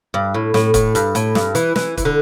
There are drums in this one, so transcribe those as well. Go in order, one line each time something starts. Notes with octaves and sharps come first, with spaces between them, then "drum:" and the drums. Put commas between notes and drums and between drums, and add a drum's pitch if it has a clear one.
G2
A2
A2, drum: snare
A2, drum: kick, hi-hat
G2, drum: hi-hat
A2, drum: hi-hat
G2, drum: snare
E3, drum: hi-hat
E3, drum: snare
E3, drum: kick, hi-hat
D3